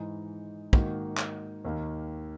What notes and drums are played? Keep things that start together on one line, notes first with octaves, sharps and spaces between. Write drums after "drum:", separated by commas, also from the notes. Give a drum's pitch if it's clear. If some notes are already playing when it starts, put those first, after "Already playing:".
Already playing: G#2 E3 G#3 D#4
G#2 D#3 A#3 D#4 F#4, drum: kick
drum: clap
D#2 D#3 A#3